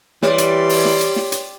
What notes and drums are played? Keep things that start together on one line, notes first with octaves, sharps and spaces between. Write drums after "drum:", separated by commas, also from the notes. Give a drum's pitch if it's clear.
E3 G3 C#5 D5 C6, drum: snare
drum: hi-hat
drum: open hi-hat
drum: snare
drum: hi-hat
drum: snare
drum: hi-hat